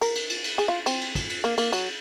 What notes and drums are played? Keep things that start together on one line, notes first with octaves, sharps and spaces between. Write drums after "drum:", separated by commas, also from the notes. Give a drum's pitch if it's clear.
A#4, drum: cymbal
drum: cymbal
drum: cymbal
drum: cymbal
G#4, drum: cymbal
F4
C4, drum: cymbal
drum: cymbal
drum: kick, cymbal
drum: cymbal
A#3, drum: cymbal
A#3, drum: cymbal
F#3, drum: cymbal